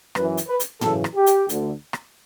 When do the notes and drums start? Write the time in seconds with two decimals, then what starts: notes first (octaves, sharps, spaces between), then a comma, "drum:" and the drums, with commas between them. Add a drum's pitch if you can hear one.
0.15 F#2 E3 B4, drum: rim click
0.37 drum: hi-hat
0.48 B4
0.60 drum: hi-hat
0.81 F#2 C#3 E3 A4, drum: tom
1.04 drum: rim click
1.15 G4
1.26 drum: hi-hat
1.49 D2 D3, drum: hi-hat
1.93 drum: rim click